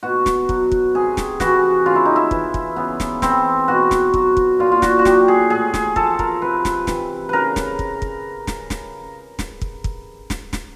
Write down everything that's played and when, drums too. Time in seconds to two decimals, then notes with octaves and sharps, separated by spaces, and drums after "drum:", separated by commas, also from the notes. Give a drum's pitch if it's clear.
0.03 B2 F#4
0.26 drum: snare
0.49 F#3, drum: kick
0.72 drum: kick
0.95 C3 G#4
1.17 drum: snare
1.40 E3 F#4, drum: snare
1.86 C#3 F4
1.96 E4
2.05 D#4
2.16 E4
2.31 E3, drum: kick
2.54 drum: kick
2.76 C#3 B3
3.00 drum: snare
3.22 E3 C4, drum: snare
3.68 B2 F#4
3.91 drum: snare
4.14 F#3, drum: kick
4.37 drum: kick
4.59 A#2 F4
4.72 F4
4.82 F#4, drum: snare
4.99 F#4
5.05 F#3 G4, drum: snare
5.28 G#4
5.50 A2 G#4
5.74 G#4, drum: snare
5.96 F3 A4, drum: kick
6.19 A#4, drum: kick
6.42 C3 B4
6.65 drum: snare
6.87 E3, drum: snare
7.29 C#3 A#4 B4
7.56 drum: snare
7.79 drum: kick
8.02 drum: kick
8.47 drum: snare
8.70 drum: snare
9.39 drum: snare
9.62 drum: kick
9.84 drum: kick
10.30 drum: snare
10.53 drum: snare